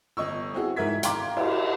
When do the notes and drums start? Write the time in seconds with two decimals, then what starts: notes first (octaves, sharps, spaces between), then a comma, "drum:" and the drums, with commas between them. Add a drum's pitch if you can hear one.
0.17 G1 D#5 C#6 E6
0.54 C4 E4 F#4 G#4
0.76 G#2 E4 A#4 E5 G#6 B6
1.03 F5 G5 A#5 C6 D6 G#6, drum: hi-hat
1.37 E4 D5, drum: cymbal